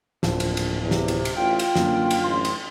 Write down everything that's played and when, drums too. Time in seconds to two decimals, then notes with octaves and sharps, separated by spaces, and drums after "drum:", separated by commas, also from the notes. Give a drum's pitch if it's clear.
0.23 D1 A#1 F3, drum: snare
0.40 drum: cymbal
0.57 drum: cymbal
0.82 E2 C3
0.91 drum: snare
1.08 drum: cymbal
1.25 drum: cymbal
1.36 A1 F4 G5
1.59 drum: cymbal
1.76 F#2 D3 A#3, drum: snare
2.11 drum: cymbal
2.24 A1 C6
2.45 drum: cymbal